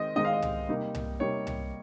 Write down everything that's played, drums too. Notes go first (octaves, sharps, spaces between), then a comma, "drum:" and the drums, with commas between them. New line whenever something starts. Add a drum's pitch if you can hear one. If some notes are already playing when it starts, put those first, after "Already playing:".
Already playing: D#3 G#3 C4 D#5
D#3 G#3 C4 D#4 D#5
F5
D#5
drum: tom C2
C3 G3 A#3 D#4
drum: tom C2
C3 G3 A#3 D#4 C#5
drum: tom C2